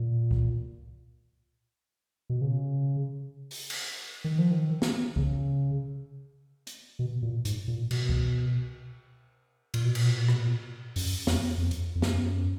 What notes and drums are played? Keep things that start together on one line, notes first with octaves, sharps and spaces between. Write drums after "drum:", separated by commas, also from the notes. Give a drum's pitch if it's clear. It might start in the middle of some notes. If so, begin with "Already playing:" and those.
Already playing: A#2
drum: kick C2
B2
C#3
drum: open hi-hat
drum: cymbal
D#3
F3
D#3
drum: snare
C#3, drum: kick C2
drum: hi-hat
B2
A#2
G#2, drum: hi-hat
A#2
B2, drum: cymbal
drum: kick C2
A#2, drum: cymbal
B2
A#2, drum: cymbal
B2
A#2
B2, drum: rim click
A#2
F#2, drum: open hi-hat
F2, drum: snare
F2
drum: hi-hat
F2
F#2, drum: snare